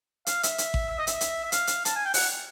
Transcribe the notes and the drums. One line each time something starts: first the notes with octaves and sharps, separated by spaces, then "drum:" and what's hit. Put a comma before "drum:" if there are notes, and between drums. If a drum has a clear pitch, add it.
F5, drum: hi-hat
E5, drum: hi-hat
drum: hi-hat
drum: kick A1
E5
D#5
E5, drum: hi-hat
drum: hi-hat
E5
F5, drum: hi-hat
drum: hi-hat
A5, drum: hi-hat
G#5
G5
F#5, drum: open hi-hat